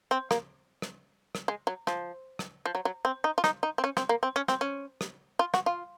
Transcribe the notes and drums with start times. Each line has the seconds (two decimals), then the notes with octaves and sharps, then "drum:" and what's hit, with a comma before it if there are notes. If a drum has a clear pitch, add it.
0.11 C4
0.31 A#3, drum: rim click
0.82 drum: rim click
1.35 drum: rim click
1.48 G#3
1.67 F#3
1.87 F3, drum: rim click
2.39 drum: rim click
2.66 F3
2.75 F#3
2.85 F#3
3.05 C4
3.24 D#4
3.38 F4
3.44 D#4, drum: rim click
3.63 D#4
3.78 C4
3.84 C#4
3.97 C4, drum: rim click
4.09 A#3
4.23 C4
4.36 C#4
4.48 C4, drum: rim click
4.61 C#4
5.01 drum: rim click
5.39 F4
5.54 F#4, drum: rim click
5.66 F4